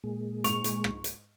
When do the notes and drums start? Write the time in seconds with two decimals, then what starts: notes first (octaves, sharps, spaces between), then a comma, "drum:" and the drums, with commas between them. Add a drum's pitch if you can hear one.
0.04 A#2 G#3
0.44 G#2 C#6 F7, drum: hi-hat
0.64 drum: hi-hat
0.84 drum: rim click
1.04 drum: hi-hat